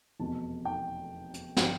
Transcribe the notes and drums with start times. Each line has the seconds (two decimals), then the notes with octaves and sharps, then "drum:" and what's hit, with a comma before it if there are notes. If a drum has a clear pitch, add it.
0.20 F1 E2 B2 A5
0.65 G5
1.34 drum: hi-hat
1.57 G5, drum: snare